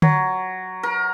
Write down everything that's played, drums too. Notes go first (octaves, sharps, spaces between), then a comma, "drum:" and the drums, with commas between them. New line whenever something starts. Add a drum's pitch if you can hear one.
F#3, drum: tom D3
A#4